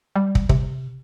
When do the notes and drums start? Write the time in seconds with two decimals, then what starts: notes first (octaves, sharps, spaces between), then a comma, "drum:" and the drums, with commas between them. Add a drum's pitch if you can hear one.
0.16 G3
0.35 drum: kick
0.49 C3, drum: kick